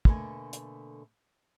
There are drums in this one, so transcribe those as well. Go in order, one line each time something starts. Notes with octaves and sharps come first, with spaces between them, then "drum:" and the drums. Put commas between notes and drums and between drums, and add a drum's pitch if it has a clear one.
B2 D3 A3 A#3 G#5, drum: kick
drum: hi-hat